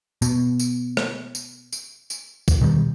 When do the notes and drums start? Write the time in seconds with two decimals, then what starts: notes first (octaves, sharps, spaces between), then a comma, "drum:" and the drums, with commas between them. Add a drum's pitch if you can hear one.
0.22 B2, drum: tambourine
0.60 drum: tambourine
0.97 drum: rim click
1.35 drum: tambourine
1.72 drum: tambourine
2.10 drum: tambourine
2.48 drum: kick, tambourine
2.61 B2 D#3 G3